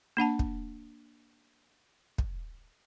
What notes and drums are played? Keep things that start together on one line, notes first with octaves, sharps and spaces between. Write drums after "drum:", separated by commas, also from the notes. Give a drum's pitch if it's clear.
A#3 D4 F#5 A5
drum: kick
drum: kick